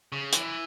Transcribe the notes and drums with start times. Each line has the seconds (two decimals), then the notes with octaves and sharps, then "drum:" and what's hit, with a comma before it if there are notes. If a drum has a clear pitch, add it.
0.12 C#3
0.33 E3, drum: hi-hat